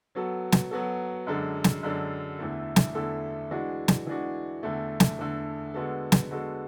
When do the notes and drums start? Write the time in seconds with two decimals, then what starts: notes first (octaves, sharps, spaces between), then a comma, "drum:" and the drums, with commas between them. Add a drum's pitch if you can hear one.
0.15 F#3 B3 F#4 A4
0.52 drum: snare
0.71 F#3 B3 F#4 A4
1.27 F#2 D3 G#3 D4 A4
1.64 drum: snare
1.83 F#2 D3 G#3 D4 A4
2.39 E2 D3 A3 E4 A4
2.76 drum: snare
2.95 E2 D3 A3 E4 A4
3.51 E3 G#3 D4 F#4
3.88 drum: snare
4.06 E3 G#3 D4 F#4
4.63 E2 D3 A3
5.00 drum: snare
5.18 E2 D3 A3
5.74 D3 G#3 B3 F#4 A4
6.12 drum: snare
6.31 D3 G#3 B3 F#4 A4